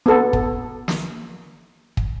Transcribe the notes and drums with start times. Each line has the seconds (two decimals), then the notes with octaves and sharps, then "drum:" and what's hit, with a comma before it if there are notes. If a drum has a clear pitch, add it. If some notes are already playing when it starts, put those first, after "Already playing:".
0.06 B3 A4
0.33 drum: kick
0.88 drum: snare
1.97 drum: kick